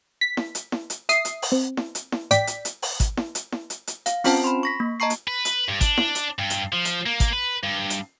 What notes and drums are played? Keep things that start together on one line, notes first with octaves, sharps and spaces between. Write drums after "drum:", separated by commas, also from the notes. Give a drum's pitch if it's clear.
B6
drum: snare E4
drum: hi-hat
drum: snare E4
drum: hi-hat
E5 D#6 C7, drum: hi-hat
drum: hi-hat
drum: open hi-hat
C4
drum: snare E4
drum: hi-hat
drum: snare E4
A1 D5 G5 B6, drum: hi-hat
drum: hi-hat
drum: hi-hat
drum: open hi-hat
drum: kick, hi-hat
drum: snare E4
drum: hi-hat
drum: snare E4
drum: hi-hat
drum: hi-hat
F5, drum: hi-hat
C4 C#4 F4 C5 G5 A5, drum: open hi-hat
B5 C6
C#6 A#6 B6
A#3
D#5 A5 A#5 C#6 C7
drum: hi-hat
B4
drum: hi-hat
G2
D4, drum: kick, hi-hat
drum: snare E4
drum: hi-hat
G2
drum: hi-hat
F3
drum: hi-hat
A#3
drum: kick, hi-hat
B4
G2
drum: hi-hat